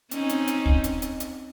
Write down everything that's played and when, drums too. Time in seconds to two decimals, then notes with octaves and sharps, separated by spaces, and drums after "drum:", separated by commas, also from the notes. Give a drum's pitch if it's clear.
0.11 C4 C#4 D#4, drum: hi-hat
0.29 drum: hi-hat
0.48 drum: hi-hat
0.66 drum: kick
0.84 drum: hi-hat
1.02 drum: hi-hat
1.20 drum: hi-hat